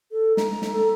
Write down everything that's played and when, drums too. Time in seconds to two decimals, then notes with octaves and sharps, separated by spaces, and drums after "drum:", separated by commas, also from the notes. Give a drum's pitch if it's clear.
0.12 A4
0.37 A#5, drum: snare
0.62 drum: snare
0.72 A4